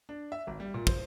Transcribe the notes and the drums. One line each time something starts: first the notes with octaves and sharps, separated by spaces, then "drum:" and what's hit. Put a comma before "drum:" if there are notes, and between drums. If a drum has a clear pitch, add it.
D4
E5
G#1
G3
A#2
C5, drum: kick